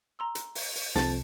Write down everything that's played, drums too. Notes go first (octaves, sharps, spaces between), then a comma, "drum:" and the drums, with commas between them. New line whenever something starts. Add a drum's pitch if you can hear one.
A#5 C6 E6
drum: hi-hat
drum: open hi-hat
drum: open hi-hat
C2 F2 A5, drum: snare